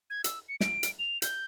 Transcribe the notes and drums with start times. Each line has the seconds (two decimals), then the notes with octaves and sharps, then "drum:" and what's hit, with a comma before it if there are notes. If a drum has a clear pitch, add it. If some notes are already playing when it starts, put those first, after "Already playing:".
0.10 G#6
0.24 E6, drum: hi-hat
0.48 C#7
0.60 D7, drum: snare
0.83 drum: hi-hat
0.99 F7
1.22 G6, drum: hi-hat